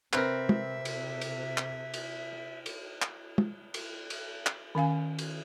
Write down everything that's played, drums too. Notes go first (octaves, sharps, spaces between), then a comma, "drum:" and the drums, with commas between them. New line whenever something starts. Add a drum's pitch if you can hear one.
C3 C4 A#4 B4 E5, drum: clap
drum: tom
drum: cymbal
drum: cymbal
drum: clap
drum: cymbal
drum: cymbal
drum: clap
drum: tom
drum: cymbal
drum: cymbal
drum: clap
D#3 C#4 F5 G#5
drum: cymbal